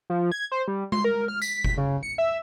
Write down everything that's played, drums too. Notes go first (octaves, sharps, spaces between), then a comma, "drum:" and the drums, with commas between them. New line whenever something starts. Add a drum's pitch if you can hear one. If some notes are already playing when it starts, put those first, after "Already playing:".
F3
G#6
C5
G3
C6, drum: tom G#3
A#4
F6
B6, drum: tambourine
drum: kick F#1
C#3
C#7
E5